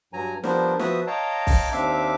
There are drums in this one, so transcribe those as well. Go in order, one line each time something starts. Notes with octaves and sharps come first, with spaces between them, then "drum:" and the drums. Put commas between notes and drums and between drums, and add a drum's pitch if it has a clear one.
G2 F#3 G#5 A#5
F3 G3 B3 D4 A#4 C5, drum: snare
F3 B3 F#4 B4 E5 D#6, drum: snare
C#5 D#5 F5 G5 A5 A#5
drum: kick B1, open hi-hat
D#2 C4 D4 E5 F5 D6